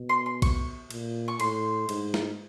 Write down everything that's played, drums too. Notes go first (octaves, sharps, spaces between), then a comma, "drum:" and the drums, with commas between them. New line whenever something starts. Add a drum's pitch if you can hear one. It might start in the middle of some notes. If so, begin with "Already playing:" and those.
Already playing: B2
C6
C6
C#6, drum: kick, cymbal
A#2, drum: cymbal
C#6
A2 C6, drum: cymbal
G#2, drum: cymbal
drum: snare